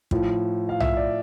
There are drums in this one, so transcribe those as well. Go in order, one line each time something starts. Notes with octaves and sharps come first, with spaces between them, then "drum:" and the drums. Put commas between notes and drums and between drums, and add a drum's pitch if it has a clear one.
A2 F3, drum: kick
F5
E5, drum: tom
D5